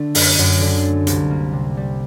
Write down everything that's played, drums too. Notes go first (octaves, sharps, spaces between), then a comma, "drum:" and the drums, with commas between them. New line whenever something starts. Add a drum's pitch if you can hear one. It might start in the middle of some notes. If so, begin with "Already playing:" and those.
Already playing: D3 A3
F#2, drum: open hi-hat
F#2
D3
A3
C2, drum: hi-hat
A#3
C3
G3